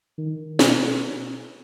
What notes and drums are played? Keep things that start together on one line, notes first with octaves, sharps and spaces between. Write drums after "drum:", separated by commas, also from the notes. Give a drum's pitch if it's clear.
D#3
B2, drum: snare